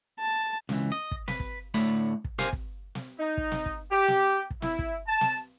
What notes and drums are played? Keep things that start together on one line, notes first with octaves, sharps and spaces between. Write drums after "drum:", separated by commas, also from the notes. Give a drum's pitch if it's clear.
A5
C#2 E3, drum: snare
D#5
drum: kick
B4, drum: snare
drum: kick
A2 D3 A3 C#5 B5
drum: kick
G4 A#4 C5 F5 G#5, drum: snare
drum: kick
drum: snare
D#4
drum: kick
drum: snare
drum: kick
G4
drum: snare
drum: kick
E4, drum: snare
drum: kick
A5
drum: snare